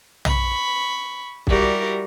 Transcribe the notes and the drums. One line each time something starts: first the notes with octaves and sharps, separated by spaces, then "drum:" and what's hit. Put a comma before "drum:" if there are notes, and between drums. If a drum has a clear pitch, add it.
B5 C#6, drum: tom
G3 E4 F#4 G4 A#4 D5, drum: kick